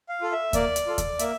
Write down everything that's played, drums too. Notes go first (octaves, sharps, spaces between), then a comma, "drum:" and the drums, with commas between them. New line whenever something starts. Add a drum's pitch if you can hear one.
F5
F4 A4
E5
A#3 D5, drum: kick D#2, hi-hat
drum: hi-hat
F4 A4
drum: kick D#2, hi-hat
A#3 E5, drum: hi-hat